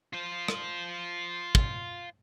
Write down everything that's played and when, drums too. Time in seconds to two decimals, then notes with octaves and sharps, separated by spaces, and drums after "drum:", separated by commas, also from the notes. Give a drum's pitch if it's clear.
0.13 F4 C5
0.48 drum: rim click
1.55 drum: kick